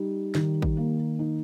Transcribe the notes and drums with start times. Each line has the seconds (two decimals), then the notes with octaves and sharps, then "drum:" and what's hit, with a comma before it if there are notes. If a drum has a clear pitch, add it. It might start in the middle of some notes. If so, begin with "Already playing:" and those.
Already playing: G3 D#4
0.35 D#3, drum: snare
0.62 drum: kick
0.77 A#3
1.19 D#4